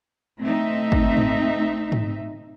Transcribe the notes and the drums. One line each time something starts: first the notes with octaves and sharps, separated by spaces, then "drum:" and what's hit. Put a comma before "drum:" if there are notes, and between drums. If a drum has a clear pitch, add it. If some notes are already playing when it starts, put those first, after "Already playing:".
A3 C4 D#4 E5
drum: kick
drum: tom G#2
drum: tom G#2